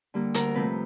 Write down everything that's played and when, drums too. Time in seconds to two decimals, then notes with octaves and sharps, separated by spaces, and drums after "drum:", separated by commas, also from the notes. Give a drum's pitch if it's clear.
0.14 D3 G3 A#3
0.34 D2 A#4, drum: hi-hat
0.55 C3 F3 A3 B4